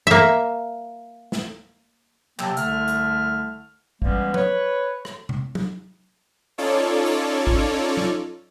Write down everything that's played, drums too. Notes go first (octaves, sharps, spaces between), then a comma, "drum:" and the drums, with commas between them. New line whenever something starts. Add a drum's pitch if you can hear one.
A#3 E5
drum: snare
C3 F#3 A#3 G5 A5 E6, drum: clap
C2 D3 A3 E5 F6, drum: hi-hat
drum: hi-hat
E3 G3 G#3 A#3 B3 C#4, drum: kick G#1
B4 C#5, drum: tom F#3
drum: rim click
drum: tom C3
drum: tom F#3
C#4 D#4 F4 A4 C#5 D5
drum: open hi-hat
drum: kick G#1
drum: tom F#3